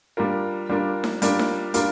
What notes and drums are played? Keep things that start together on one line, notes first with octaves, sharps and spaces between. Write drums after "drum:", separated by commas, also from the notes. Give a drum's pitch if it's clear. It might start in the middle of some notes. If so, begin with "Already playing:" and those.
G3 D4 F4 A#4
G3 D4 F4 A#4
drum: snare D#4
G3 D4 F4 A#4, drum: hi-hat
drum: snare D#4
G3 D4 F4 A#4, drum: hi-hat